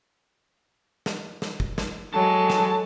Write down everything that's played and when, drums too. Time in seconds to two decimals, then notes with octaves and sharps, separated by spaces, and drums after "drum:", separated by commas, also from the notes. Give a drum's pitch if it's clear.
1.06 drum: snare
1.42 drum: snare
1.60 drum: kick
1.78 drum: snare
2.14 F#3 G#3 A4 A5
2.50 drum: snare